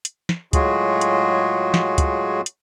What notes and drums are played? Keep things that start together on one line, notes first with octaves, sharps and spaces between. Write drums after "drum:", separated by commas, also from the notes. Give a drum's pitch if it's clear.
drum: hi-hat
drum: snare
A2 F#3 G#3 F4 F#4 G#4, drum: kick, hi-hat
drum: hi-hat
drum: snare
drum: kick, hi-hat
drum: hi-hat